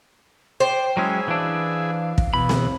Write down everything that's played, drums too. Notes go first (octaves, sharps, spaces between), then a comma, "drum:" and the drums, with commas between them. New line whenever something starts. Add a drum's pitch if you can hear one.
C5 D5 G5
F#3 G#3 C#4 E4 G#4
E3 D4 F5
drum: kick
B2 E3 B5
drum: snare C4